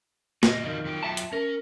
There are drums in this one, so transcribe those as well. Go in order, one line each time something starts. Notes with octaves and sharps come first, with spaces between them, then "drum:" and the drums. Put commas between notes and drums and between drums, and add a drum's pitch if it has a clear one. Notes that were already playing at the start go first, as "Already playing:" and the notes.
A#2 F#4 G4 D#5, drum: snare
F2 D#3
F#3 F4 G5
E5 A5
drum: hi-hat
C#4 A#4